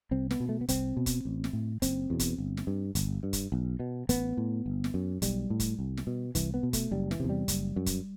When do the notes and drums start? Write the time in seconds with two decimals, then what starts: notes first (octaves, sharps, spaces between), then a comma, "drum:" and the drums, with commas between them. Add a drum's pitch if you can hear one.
0.11 C2 C4
0.31 B3, drum: snare
0.40 B2
0.49 A3
0.61 B3
0.68 C2 C4, drum: kick F1, hi-hat
0.97 B2
1.06 drum: kick F1, hi-hat
1.25 A1
1.44 drum: snare
1.53 A2
1.82 F#1 C4, drum: kick F1, hi-hat
2.10 E2 B2
2.19 drum: kick F1, hi-hat
2.38 G1
2.57 drum: snare
2.67 G2
2.95 G1, drum: kick F1, hi-hat
3.23 G2
3.33 drum: kick F1, hi-hat
3.52 B1
3.80 B2
4.09 A1 B3, drum: kick F1, hi-hat
4.37 A2
4.66 G1
4.84 drum: snare
4.94 F#2
5.22 B1 G3, drum: kick F1, hi-hat
5.50 A2
5.60 drum: kick F1, hi-hat
5.79 C2
5.97 drum: snare
6.07 B2
6.35 C2 E3, drum: kick F1, hi-hat
6.54 B3
6.63 B2
6.73 A3, drum: kick F1, hi-hat
6.91 F#1 G3
7.11 E3, drum: snare
7.20 E2 C3
7.29 G3
7.48 F#1, drum: kick F1, hi-hat
7.76 F#2
7.86 drum: kick F1, hi-hat